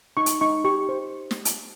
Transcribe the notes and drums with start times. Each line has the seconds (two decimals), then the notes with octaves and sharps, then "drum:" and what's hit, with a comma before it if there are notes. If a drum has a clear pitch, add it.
0.17 D#4 C#6
0.26 drum: hi-hat
0.41 D#4 C#6
0.65 G4 C#6
0.89 C5
1.31 drum: snare
1.45 drum: hi-hat